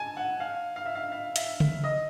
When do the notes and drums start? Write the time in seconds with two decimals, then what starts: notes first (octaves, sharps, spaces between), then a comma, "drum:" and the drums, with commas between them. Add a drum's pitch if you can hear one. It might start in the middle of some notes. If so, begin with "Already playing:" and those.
Already playing: G#5 A5
0.17 F#5
0.40 F5
0.76 F5
0.86 E5
0.95 F5
1.12 F5
1.36 E5, drum: hi-hat
1.60 drum: tom C#3
1.84 D#5